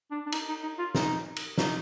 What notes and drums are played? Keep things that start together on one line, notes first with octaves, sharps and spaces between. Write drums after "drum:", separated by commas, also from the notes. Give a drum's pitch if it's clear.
D4
D4
D#4, drum: cymbal
D#4
D#4
F4
D#4, drum: snare
drum: cymbal
D#4, drum: snare